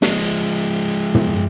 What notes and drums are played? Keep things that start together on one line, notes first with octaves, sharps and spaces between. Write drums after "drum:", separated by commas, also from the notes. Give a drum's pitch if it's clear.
F3 G#3, drum: snare
drum: tom